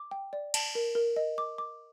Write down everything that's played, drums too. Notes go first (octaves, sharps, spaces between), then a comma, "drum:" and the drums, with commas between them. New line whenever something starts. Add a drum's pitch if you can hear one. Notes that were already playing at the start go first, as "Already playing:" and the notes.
Already playing: D6
G5
D5
A5, drum: cymbal
A#4
A#4
D#5
D6
D6